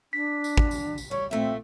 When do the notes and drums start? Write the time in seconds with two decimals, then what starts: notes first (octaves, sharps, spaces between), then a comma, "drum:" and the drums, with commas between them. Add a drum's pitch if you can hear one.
0.13 D4 B6
0.44 drum: tambourine
0.57 drum: kick
0.71 drum: tambourine
0.98 drum: tambourine
1.11 G3 C#5
1.31 A#2 A3 C4 E5